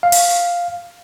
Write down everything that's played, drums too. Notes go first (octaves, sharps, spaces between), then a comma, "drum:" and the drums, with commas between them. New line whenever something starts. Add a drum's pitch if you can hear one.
F5
drum: open hi-hat